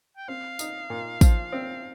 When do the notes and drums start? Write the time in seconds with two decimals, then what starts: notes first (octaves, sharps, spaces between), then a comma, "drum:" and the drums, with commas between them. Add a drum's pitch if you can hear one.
0.17 G5
0.28 C4 F5
0.59 D#4, drum: tambourine
0.90 A#2
1.21 F3, drum: kick, tambourine
1.52 C4